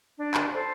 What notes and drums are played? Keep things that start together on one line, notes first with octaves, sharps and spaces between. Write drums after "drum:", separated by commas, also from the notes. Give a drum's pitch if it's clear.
D4
drum: clap
A4 C5